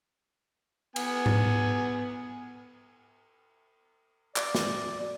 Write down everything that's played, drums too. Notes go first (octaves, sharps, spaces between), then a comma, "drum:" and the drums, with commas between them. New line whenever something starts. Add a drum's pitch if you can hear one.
B3 G#5, drum: cymbal
drum: tom G#2
D5, drum: clap
drum: snare